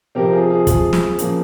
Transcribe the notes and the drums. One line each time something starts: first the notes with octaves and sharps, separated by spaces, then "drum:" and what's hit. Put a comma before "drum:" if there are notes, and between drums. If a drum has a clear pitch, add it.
C3 F3 C4 G4 A#4
F4 G#4
F4 G#4
F4 G#4, drum: kick, hi-hat
drum: snare
C#3 F3 A#3, drum: hi-hat